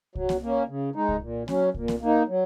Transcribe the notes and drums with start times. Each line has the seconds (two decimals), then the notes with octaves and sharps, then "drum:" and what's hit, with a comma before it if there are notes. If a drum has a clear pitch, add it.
0.15 F#3, drum: kick C2
0.29 drum: snare A#3
0.43 A#3 C#4
0.68 C#3
0.96 G#3 D#4
1.09 drum: kick C2
1.22 A#2
1.48 F#3 C#4, drum: snare A#3
1.74 A#2, drum: kick C2
1.88 drum: snare A#3
2.02 A#3 D#4
2.28 F#3